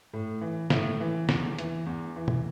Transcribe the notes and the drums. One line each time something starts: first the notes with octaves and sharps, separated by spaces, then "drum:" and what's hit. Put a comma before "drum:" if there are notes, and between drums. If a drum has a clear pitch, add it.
A2
E3
A2 E5, drum: snare
E3
E2, drum: snare
E3, drum: hi-hat
E2
E3
drum: tom